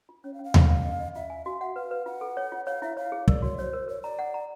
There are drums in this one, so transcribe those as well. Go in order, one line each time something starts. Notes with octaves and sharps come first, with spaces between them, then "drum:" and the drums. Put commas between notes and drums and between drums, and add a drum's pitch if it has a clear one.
F4
C#4 C#5
F5
C#4
F5
C#4, drum: tom D#2
A#4
D#5
D#5
F4 E5
G#5
F#4 F5
E5 F#5
B4 F5
B4
F4 F#5
A4
C#5
F4
C#5 F5
E4 E5
C#5 F5
G#4
A#4 D5, drum: kick
F#4 C#5
C5 C#5
A#4
A#4 C#5
D5 A#5
F#5
A#5